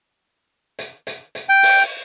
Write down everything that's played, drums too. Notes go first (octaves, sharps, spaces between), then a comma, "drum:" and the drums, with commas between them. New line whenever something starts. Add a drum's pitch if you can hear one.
drum: hi-hat
drum: hi-hat
drum: hi-hat
G5
drum: open hi-hat